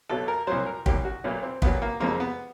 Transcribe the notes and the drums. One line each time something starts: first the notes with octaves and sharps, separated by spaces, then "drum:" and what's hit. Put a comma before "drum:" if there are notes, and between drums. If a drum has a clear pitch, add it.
B1 B2 F#3 A4
A#4
C2 A#2 F#3 C5
A#4
C2 A#2 F#3 G4, drum: kick
F#4
B1 A#2 F#3 C#4
C4
B1 A#2 F#3 B3, drum: kick
A#3
F2 C#3 F3 G#3 A#3
B3